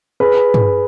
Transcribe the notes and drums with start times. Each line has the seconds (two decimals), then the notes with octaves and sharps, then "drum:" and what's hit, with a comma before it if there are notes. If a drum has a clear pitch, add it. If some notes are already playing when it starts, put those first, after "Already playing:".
0.20 G#4 B4
0.54 drum: tom G2